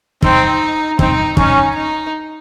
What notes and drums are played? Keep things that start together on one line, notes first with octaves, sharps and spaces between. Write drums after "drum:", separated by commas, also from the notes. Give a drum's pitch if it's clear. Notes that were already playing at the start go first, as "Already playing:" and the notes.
C4 D#4, drum: kick
C4 D#4, drum: kick
C#4 D#4, drum: kick
D#4